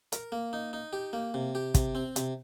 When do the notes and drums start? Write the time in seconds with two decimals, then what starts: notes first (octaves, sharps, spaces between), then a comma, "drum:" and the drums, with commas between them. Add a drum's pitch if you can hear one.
0.12 A#4, drum: hi-hat
0.32 A#3
0.53 D#4
0.73 D#4
0.93 G4
1.13 A#3
1.34 C3
1.55 G4
1.74 C3, drum: kick, hi-hat
1.95 C4
2.16 C3, drum: hi-hat